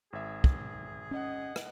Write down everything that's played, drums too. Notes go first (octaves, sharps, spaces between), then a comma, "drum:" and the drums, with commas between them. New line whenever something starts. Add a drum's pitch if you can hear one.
G#1 G#4 E5
drum: kick
C#4 D#5 F#5
drum: rim click